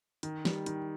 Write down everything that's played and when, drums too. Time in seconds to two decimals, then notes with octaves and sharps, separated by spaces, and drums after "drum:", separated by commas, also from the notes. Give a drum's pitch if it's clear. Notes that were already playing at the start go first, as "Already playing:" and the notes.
0.23 D#3, drum: hi-hat
0.45 G3, drum: snare
0.66 D#3, drum: hi-hat